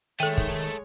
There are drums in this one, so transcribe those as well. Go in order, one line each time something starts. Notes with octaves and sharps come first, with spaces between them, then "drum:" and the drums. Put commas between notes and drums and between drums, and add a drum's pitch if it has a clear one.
D#3 G#3 A3 A4 C#5 G5
drum: kick